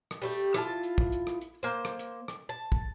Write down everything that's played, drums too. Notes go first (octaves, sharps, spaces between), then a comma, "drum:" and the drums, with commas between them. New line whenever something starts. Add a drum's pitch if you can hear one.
drum: rim click
G3 A3 G4
E4 F4 A5, drum: rim click
drum: hi-hat
drum: kick
drum: hi-hat
drum: rim click
drum: hi-hat
A#3 C5
drum: rim click
drum: hi-hat
drum: rim click
A5
drum: kick